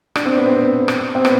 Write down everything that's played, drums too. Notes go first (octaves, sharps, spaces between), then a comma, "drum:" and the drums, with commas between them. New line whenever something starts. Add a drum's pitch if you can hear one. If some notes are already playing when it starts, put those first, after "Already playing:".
D4, drum: rim click
C4
B3
C4
drum: rim click
C4
B3, drum: rim click